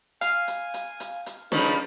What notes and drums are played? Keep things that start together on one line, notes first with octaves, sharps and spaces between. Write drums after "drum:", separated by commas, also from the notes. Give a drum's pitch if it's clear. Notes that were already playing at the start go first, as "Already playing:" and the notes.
F5 G#5, drum: hi-hat
drum: hi-hat
drum: hi-hat
drum: hi-hat
drum: hi-hat
C#3 F3 G3 D#4 B4 C#5, drum: snare